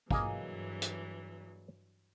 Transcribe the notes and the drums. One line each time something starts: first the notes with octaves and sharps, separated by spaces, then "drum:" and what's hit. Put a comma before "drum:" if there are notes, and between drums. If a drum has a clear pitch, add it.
G2 E3 F#3 A#3 G#4 D#5, drum: kick
drum: hi-hat